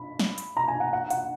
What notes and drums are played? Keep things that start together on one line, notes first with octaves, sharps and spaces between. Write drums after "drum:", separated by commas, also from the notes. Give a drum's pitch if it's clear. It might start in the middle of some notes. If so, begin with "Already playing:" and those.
Already playing: B5
drum: snare
drum: hi-hat
A#5
G#5
F#5
F#5
F#5, drum: hi-hat